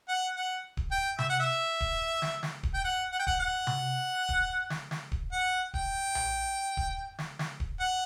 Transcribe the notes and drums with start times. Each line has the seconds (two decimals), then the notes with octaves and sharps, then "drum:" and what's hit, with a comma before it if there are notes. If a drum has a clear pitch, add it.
0.08 F#5
0.36 F#5
0.77 drum: kick D1
0.92 G5
1.18 E5, drum: tom C3
1.29 F#5
1.40 E5
1.81 drum: kick D1
2.22 drum: snare
2.43 drum: snare
2.63 drum: kick D1
2.74 G5
2.84 F#5
3.12 F#5
3.19 G5
3.27 F#5, drum: kick D1
3.39 F#5
3.67 drum: tom C3
4.29 drum: kick D1
4.70 drum: snare
4.91 drum: snare
5.12 drum: kick D1
5.32 F#5
5.74 G5, drum: kick D1
6.15 drum: tom A#1
6.77 drum: kick D1
7.19 drum: snare
7.39 drum: snare
7.60 drum: kick D1
7.80 F#5